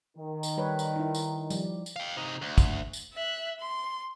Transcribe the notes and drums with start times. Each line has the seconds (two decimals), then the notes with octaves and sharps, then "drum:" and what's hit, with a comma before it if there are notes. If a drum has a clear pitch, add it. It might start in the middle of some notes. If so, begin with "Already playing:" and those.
0.17 D#3
0.43 drum: tambourine
0.57 G3 B4 C#5
0.79 drum: tambourine
0.96 D#4 E4
1.15 drum: tambourine
1.50 F3 G3, drum: tambourine
1.86 drum: tambourine
1.96 F5 G5
2.17 C3 D#4
2.42 D2
2.58 drum: kick, tambourine
2.93 drum: tambourine
3.13 E5 F#6
3.60 C6